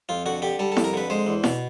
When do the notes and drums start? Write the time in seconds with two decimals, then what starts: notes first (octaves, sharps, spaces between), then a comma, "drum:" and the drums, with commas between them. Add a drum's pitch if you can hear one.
0.09 F2 F4
0.26 D3 F#4
0.42 D3 G4
0.59 G3 A4
0.72 A4
0.77 F2, drum: snare E4
0.84 A#4
0.93 D3 B4
1.10 G#3 C5
1.27 E2
1.44 B2, drum: snare E4